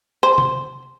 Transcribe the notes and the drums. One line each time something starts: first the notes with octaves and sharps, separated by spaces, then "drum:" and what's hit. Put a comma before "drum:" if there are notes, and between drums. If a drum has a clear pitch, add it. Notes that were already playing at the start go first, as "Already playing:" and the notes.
C5
drum: tom